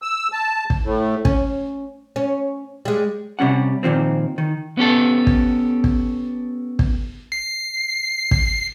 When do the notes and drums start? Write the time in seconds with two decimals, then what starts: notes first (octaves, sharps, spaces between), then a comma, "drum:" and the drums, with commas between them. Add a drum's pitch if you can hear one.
0.02 E6
0.32 A5
0.70 drum: kick
0.84 A2
1.25 C#4, drum: kick
2.16 C#4
2.85 G3 G#3
3.39 C3 G3 C#4 F#5
3.83 A#2 D#3 F3 C4
4.38 D#3
4.77 B3 C#4 G4 A4
5.27 drum: kick
5.84 drum: kick
6.79 drum: kick
7.32 C7
8.31 drum: kick